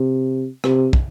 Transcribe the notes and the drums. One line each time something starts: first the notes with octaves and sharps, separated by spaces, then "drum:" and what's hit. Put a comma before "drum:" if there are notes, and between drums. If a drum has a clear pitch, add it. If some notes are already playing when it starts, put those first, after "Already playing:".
Already playing: C3
C3, drum: rim click
drum: kick